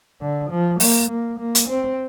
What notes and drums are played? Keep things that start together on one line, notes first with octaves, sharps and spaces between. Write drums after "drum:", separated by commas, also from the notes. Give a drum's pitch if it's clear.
D3
F3
A#3, drum: open hi-hat
A#3
A#3
drum: hi-hat
C4